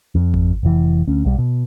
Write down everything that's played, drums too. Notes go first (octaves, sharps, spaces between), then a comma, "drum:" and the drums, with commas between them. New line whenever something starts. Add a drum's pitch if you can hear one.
F2
drum: kick G#1
F1 E3
D2 C#4
B1 G3
B2